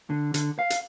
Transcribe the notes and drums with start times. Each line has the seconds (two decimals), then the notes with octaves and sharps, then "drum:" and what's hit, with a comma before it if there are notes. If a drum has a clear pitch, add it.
0.10 D3
0.34 D3, drum: hi-hat
0.59 F5
0.70 drum: hi-hat